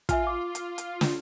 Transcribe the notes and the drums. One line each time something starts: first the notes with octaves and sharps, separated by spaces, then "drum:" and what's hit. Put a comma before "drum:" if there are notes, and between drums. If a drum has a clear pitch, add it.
F4 E5 G#5 F6, drum: kick, hi-hat
D6
drum: hi-hat
drum: hi-hat
drum: snare